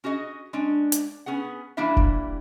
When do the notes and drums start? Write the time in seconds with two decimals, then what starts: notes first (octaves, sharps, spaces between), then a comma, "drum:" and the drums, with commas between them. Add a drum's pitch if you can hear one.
0.04 C#4 F#4 G#4 D#5
0.53 G#3 C#4 D4
0.92 drum: hi-hat
1.26 B3 C#4 G#4 F#5
1.77 E3 G3 A#3 D4 E4 E5
1.97 drum: kick